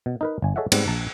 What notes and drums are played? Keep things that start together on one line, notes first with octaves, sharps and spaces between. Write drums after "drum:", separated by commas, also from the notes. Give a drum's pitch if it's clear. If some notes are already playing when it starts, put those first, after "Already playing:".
B2
D#4 A#4 B4
G1 G#5
G#4 A4 C#5 D#5 E5 F#5
G#2 G3 B3 C4, drum: cymbal
A#1 A5 A#5